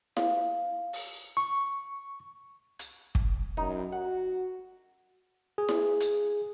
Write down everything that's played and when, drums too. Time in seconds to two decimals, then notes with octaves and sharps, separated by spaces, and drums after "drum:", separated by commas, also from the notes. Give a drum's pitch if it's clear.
0.17 F5, drum: snare E4
0.93 drum: open hi-hat
1.37 C#6
2.79 drum: hi-hat
3.15 drum: kick
3.57 F#2 D#4
3.92 F#4 F#5
5.58 G#4
5.69 drum: snare E4
6.00 drum: hi-hat